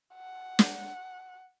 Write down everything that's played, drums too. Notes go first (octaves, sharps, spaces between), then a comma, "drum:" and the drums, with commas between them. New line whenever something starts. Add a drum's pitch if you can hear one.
F#5
drum: snare